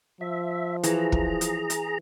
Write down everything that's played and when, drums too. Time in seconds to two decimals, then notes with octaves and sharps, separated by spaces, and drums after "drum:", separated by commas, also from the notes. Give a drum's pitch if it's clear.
0.21 F3 E5
0.83 E3 G#4 A#5, drum: hi-hat
1.12 drum: kick
1.41 drum: hi-hat
1.70 drum: hi-hat